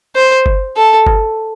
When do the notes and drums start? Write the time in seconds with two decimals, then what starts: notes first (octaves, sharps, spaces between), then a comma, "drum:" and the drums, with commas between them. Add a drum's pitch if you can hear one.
0.16 C5
0.46 drum: kick G1
0.77 A4
1.07 drum: kick G1